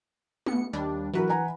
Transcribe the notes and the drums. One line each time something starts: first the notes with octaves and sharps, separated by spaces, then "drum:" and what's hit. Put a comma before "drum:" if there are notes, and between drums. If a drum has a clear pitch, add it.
B3 C#7, drum: tom
D#2 G3 D4
E3 F#3 F#4 A#4 B4
F#5 G#5 A#5